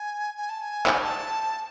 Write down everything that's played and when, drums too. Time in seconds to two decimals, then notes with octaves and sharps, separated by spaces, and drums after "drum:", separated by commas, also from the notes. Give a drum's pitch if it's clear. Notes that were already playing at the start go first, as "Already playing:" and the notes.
Already playing: G#5
0.37 G#5
0.49 A5
0.62 G#5
0.86 drum: clap
1.02 A5